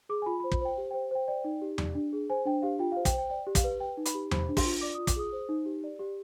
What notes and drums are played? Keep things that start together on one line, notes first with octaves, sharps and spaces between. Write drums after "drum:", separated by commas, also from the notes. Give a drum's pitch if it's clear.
G#4 D6
G#5
F4 B5
B5
C5
B5, drum: kick
C5 G5
G4
G5
C5
C5 G5
D5 G5
D#4
G4
D5, drum: tom E2
D4
G#4
C5 G#5
D4 G5
G4 F5
F4 G5
F5
C5
G5, drum: kick, hi-hat
C5
G5
D5 G5
G4
F5, drum: kick, hi-hat
B4
B4 G5
D#4
B5, drum: hi-hat
G4
C5 B5, drum: tom E2
D4
C6, drum: kick, open hi-hat
F4
D5 D6
D#6
F4
D6, drum: kick, hi-hat
G#4 D#6
C5
D#4
G4
D5
G4